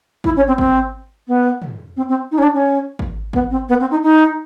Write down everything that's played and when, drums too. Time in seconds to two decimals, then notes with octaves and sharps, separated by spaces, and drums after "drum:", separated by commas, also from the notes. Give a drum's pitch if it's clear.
0.24 E4, drum: kick
0.36 C#4
0.47 C4
0.58 C4, drum: kick
1.27 B3
1.62 drum: tom
1.96 C4
2.08 C4
2.31 D#4
2.38 C#4
2.42 D4
2.54 C#4
2.99 drum: kick
3.33 B3, drum: kick
3.50 C4
3.68 B3
3.80 C4
3.90 D#4
4.03 D#4